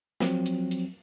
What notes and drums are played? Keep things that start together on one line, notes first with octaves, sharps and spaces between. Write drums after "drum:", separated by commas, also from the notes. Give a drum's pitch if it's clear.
F3 F#3 C4, drum: snare
drum: hi-hat
drum: hi-hat